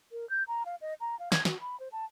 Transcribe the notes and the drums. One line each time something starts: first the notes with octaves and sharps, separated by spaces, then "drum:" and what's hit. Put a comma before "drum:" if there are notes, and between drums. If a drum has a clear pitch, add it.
A#4
G6
A#5
F5
D#5
A#5
F5
G#6, drum: snare
F#4, drum: snare
B5
C5
A5